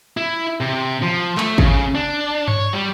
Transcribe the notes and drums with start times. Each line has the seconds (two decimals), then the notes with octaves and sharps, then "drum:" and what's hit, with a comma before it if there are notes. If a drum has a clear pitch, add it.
0.17 E4
0.60 C3
1.02 F3
1.38 A3, drum: clap
1.58 C#3, drum: kick
1.95 D4
2.48 C#5, drum: tom G2
2.73 G3